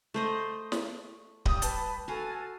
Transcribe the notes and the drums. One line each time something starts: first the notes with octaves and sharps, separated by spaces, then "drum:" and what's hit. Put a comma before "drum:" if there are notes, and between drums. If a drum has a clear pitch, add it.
A3 C5 D#5
drum: snare
G3 D#6, drum: kick D1
B4 A5, drum: hi-hat
F#4 A4 F5 G#5